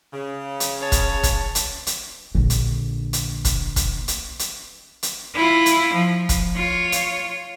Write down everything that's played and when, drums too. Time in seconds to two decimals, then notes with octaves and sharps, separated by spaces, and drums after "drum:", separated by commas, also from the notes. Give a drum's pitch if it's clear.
0.13 C#3
0.60 drum: hi-hat
0.80 C#5 A5
0.92 drum: kick, hi-hat
1.23 drum: kick, hi-hat
1.55 drum: hi-hat
1.87 drum: hi-hat
2.35 A#1 D3
2.50 drum: hi-hat
3.13 drum: hi-hat
3.45 drum: kick, hi-hat
3.76 drum: kick, hi-hat
4.08 drum: hi-hat
4.39 drum: hi-hat
5.03 drum: hi-hat
5.34 E4 F4
5.66 drum: hi-hat
5.94 F3
6.29 drum: kick, hi-hat
6.56 F4 C#5
6.92 drum: hi-hat